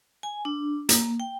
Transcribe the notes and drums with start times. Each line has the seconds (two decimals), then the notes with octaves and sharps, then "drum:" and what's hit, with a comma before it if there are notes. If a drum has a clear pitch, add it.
0.23 G#5
0.45 D4
0.89 A#3, drum: hi-hat
1.20 G5